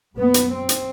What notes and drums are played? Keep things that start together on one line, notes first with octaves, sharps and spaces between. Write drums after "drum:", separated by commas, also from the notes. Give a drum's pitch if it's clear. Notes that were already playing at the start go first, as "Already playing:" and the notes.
F#2 B3
drum: hi-hat
C4
drum: hi-hat